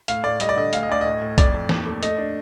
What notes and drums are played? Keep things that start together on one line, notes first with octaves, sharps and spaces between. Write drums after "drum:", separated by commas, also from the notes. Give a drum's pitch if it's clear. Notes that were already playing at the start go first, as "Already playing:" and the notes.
A2 F5, drum: hi-hat
A2 D5
G3 D#5, drum: hi-hat
D5
D3 D#5
D2 F5, drum: hi-hat
D#5
D2 D5
A2 D#5
A2
F2 D5, drum: kick B1, hi-hat
F2
D#2, drum: snare E3
A3
A3 D#5, drum: hi-hat
D4